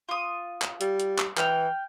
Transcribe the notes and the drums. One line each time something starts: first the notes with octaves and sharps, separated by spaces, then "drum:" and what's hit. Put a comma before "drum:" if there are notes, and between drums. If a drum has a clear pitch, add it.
F4 D#6
drum: clap
G3, drum: hi-hat
drum: hi-hat
drum: clap
E3 G5 F6, drum: clap